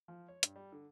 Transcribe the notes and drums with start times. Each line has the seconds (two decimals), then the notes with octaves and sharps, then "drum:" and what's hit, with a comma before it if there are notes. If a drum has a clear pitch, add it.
0.08 F3
0.28 C#5
0.43 G2, drum: hi-hat
0.56 G3
0.72 D3